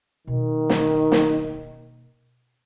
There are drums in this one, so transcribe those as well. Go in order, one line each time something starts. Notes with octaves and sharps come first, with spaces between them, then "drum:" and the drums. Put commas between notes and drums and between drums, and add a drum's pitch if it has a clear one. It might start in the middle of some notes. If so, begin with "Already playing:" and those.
B2 D#3 A#3
drum: snare
drum: snare